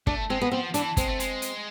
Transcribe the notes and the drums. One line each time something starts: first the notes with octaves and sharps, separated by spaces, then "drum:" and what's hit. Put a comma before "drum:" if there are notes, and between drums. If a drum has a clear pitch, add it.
A3 D4, drum: kick
G#3 C4
B3
F3 C4
E3 D4, drum: hi-hat
G#3 C4, drum: kick, hi-hat
A3
G#3, drum: hi-hat
drum: hi-hat